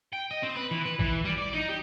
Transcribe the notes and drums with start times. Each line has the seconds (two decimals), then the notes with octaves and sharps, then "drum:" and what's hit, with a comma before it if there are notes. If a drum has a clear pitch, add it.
0.13 G5
0.31 D#5
0.43 C4
0.56 B4
0.71 E3
0.86 B4
0.99 E3, drum: kick A1
1.25 G3
1.38 D5
1.54 D#4
1.69 G4